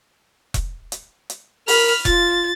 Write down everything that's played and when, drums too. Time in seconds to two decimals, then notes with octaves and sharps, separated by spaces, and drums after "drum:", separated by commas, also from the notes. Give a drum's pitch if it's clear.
0.54 drum: kick E1, hi-hat
0.92 drum: hi-hat
1.30 drum: hi-hat
1.68 A#4 B5 F6, drum: open hi-hat
2.05 F4 A6, drum: kick E1, hi-hat